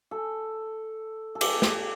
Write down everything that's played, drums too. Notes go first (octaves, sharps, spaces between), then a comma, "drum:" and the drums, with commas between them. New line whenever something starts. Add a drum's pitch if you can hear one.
A4
A4
G4, drum: cymbal
G4, drum: snare